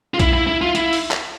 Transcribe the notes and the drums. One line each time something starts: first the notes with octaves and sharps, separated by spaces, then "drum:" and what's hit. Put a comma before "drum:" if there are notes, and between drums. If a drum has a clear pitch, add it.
F4
E4, drum: kick B1, hi-hat
E4
E4
F4
E4, drum: hi-hat
drum: open hi-hat
drum: clap